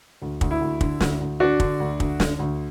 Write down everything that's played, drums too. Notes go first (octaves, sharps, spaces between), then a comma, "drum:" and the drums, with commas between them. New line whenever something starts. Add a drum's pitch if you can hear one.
D2
D2, drum: kick
E4
D2
D3, drum: kick
D2, drum: snare
D2
D3 D4 F#4
D3, drum: kick
D2
D2, drum: kick
D3, drum: snare
D2